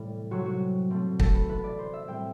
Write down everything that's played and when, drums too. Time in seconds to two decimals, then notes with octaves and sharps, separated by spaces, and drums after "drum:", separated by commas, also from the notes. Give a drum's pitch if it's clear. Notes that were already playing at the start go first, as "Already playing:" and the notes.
Already playing: A2 C3 E3 G3
0.31 C3 F#3 C4 F#4
0.46 F#4
0.90 B2 A3 C4
1.20 A4, drum: kick
1.34 B4
1.49 E3 B3 B4
1.64 D5
1.79 C5
1.93 E5
2.08 A2 G3 C4 G5